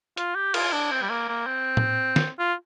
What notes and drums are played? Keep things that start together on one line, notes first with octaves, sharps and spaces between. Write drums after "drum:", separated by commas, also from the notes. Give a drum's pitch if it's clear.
F4, drum: hi-hat
G4
F4, drum: cymbal
D4
C4
G3
A#3
A#3
C4
drum: tom A2
drum: snare
F4